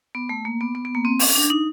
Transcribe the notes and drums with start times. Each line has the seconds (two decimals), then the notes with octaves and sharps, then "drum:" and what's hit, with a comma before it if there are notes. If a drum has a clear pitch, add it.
0.15 B3
0.29 A3
0.45 A#3
0.61 B3
0.75 B3
0.85 B3
0.95 A#3
1.05 C4
1.20 C#4, drum: open hi-hat
1.35 D4
1.50 D#4